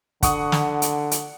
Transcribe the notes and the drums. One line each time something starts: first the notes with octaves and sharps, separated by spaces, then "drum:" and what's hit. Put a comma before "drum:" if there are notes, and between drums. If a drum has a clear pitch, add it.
D3 F#5 C#6 D#6, drum: kick, hi-hat
drum: snare
drum: hi-hat
drum: hi-hat